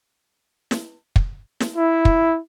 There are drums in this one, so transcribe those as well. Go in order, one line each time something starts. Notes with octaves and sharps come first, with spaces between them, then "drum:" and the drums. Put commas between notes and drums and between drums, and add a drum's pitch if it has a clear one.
drum: snare
drum: kick
drum: snare
E4
drum: kick